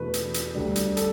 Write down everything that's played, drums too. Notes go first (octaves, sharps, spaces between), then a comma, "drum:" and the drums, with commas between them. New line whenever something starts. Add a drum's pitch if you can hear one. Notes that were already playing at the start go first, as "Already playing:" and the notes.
Already playing: E2 B2 A3 D4 B4
drum: hi-hat
drum: hi-hat
D2 D3 G3 D4
drum: hi-hat
A4, drum: hi-hat